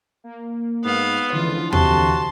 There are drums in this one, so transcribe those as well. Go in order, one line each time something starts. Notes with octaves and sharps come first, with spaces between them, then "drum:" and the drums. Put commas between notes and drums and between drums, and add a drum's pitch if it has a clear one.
A#3
G#2 B3 F5
C#2 D3 E3 F3 F4
C3 F#4 A5 C6, drum: tom